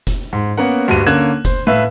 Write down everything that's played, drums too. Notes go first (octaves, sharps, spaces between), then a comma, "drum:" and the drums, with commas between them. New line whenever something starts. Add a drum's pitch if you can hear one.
drum: kick F1, hi-hat
G#2
A#3 B3 C#4 A#4 F#5
D2 G2 F#4 D#7
D3 A#3 C#4 F#6 G#6 E7
C5, drum: kick F1, hi-hat
A2 B4 E5 F5